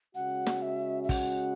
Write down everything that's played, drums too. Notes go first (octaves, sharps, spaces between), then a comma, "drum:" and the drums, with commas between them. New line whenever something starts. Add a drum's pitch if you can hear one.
C#3 G#3 C#4 F#4 F#5
drum: snare
E5
E5
F#5, drum: kick, open hi-hat